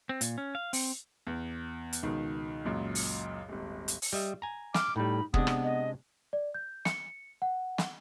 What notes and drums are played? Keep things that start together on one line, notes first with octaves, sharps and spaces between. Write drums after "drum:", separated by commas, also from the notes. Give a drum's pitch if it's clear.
C4
A#2, drum: hi-hat
C#4
F5
C4, drum: open hi-hat
E2
drum: hi-hat
C#2 B2 D#3
C#2 F#2 A#2
drum: open hi-hat
D#1 G#1
drum: hi-hat
drum: open hi-hat
G3 D#5 E5
G#5 A#5
D6 F6, drum: snare
A2 G3 D#4 B5
C3 G#3 B3 D4 D#6, drum: kick
drum: rim click
D#5
D5
G6
C#7, drum: snare
F#5
drum: snare